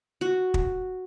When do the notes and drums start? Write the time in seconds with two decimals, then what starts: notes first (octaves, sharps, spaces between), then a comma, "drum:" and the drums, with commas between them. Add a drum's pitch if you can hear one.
0.21 F#4
0.54 drum: kick